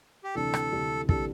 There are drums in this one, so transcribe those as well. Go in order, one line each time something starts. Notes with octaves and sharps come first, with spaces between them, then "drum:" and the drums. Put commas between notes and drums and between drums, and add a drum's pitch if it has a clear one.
G4
D2 C3 E3 G3 D4 A4
drum: rim click
D2 C3 E3 G3 D4
C3 E3 G3 D4 A4, drum: kick